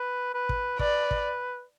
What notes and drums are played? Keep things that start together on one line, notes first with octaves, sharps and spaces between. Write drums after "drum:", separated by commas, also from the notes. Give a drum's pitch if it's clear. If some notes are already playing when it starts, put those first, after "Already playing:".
Already playing: B4
B4
drum: kick
B4 D5, drum: kick
drum: kick